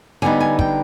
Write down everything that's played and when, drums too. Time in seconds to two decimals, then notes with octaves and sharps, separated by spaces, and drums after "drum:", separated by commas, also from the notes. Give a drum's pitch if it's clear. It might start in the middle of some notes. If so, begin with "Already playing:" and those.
0.22 D3 G3 B3 D#4 G#5
0.40 G#5
0.59 G5, drum: kick